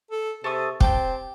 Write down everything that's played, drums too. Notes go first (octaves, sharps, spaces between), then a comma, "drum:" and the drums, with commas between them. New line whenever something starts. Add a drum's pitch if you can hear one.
A4
C3 A4 C#6 D#6
C4 G4 G5 A5 G6, drum: kick